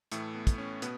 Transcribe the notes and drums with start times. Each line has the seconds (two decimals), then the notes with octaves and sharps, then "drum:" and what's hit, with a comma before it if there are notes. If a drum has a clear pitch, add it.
0.12 A2 E3 A3, drum: hi-hat
0.35 B3
0.47 drum: kick, hi-hat
0.58 C#4
0.82 B2 B3, drum: hi-hat